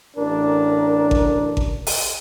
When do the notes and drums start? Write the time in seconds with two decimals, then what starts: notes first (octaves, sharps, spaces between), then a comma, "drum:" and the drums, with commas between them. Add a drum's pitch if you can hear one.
0.17 A1 D4 A#4
1.11 drum: kick G#1
1.57 drum: kick G#1
1.87 drum: open hi-hat